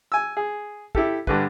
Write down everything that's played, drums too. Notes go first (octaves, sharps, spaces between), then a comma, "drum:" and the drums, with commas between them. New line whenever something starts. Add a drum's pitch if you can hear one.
G#5 E6
G#4
E4 G4 A4, drum: kick
G2 D3 B4, drum: kick